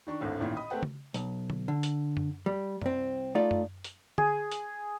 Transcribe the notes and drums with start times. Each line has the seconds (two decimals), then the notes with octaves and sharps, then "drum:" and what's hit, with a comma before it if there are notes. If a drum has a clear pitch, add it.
0.07 D#3 D4 C#6
0.21 G#1 D2 A2 D3
0.40 A1 A#2 D#3 E4
0.57 D#5 B5 D#6
0.70 A3 C4 B4 F#5 G5
0.83 drum: tom C#3
1.14 B1, drum: hi-hat
1.50 drum: tom D3
1.68 D3
1.83 drum: hi-hat
2.17 drum: tom F#2
2.46 G3
2.82 C2 C4, drum: tom F#2
3.35 A3 D#4 F4 D5
3.51 drum: tom F#2
3.84 drum: hi-hat
4.18 G#4, drum: tom D3
4.51 drum: hi-hat